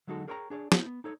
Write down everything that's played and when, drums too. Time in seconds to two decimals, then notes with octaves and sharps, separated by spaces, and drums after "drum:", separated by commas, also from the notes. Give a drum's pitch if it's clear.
0.07 D3 F#3 G#3 D#4 F#4 A4
0.28 G#4 A#4 C#5 G5 A5 A#5
0.50 D4 G#4 C#5 D5
0.72 A3 B3 E4 C5, drum: snare
0.86 B3
1.04 D#4 A4 C#5